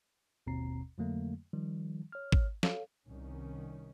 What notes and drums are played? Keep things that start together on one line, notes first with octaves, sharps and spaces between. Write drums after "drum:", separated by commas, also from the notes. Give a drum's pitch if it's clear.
G1 D#2 B2 C4 A#5 C7
F2 D3 F#3 A3 A#3
D#3 F3 G3
C#5 F6
drum: kick G#1
A4 C#5 F5, drum: snare
C2 D#3 C#4